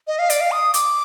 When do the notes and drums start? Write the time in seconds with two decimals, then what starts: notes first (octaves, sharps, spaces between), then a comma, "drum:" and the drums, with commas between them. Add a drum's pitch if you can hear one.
0.07 D#5
0.19 F5
0.30 D5, drum: hi-hat
0.41 F5
0.51 D#6
0.74 D6, drum: hi-hat